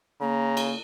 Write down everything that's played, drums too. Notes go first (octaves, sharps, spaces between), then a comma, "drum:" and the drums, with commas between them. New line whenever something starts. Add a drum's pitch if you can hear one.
C#3 A#3 A#5
drum: cymbal